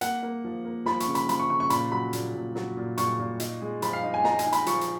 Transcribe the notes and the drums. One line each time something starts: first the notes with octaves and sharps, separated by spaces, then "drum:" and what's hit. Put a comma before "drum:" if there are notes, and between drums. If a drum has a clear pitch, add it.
A#3 F#5, drum: hi-hat
A#3
F3
A#3
F3 B5, drum: snare
C#6, drum: hi-hat
C#3
B5, drum: hi-hat
F3 B5, drum: hi-hat
C#6
C#3 C#6
C#6
A#2 B5, drum: hi-hat
F#3 B5
A#2, drum: hi-hat
A#2
F#3, drum: snare
A#2
A#2 C#6, drum: hi-hat
A#2
D#4, drum: hi-hat
G#3
F3 B5, drum: hi-hat
F5
D#4
G#5
D#4 A#5, drum: snare
G#5, drum: hi-hat
D#4
B5, drum: hi-hat
F3 C#6, drum: hi-hat
drum: hi-hat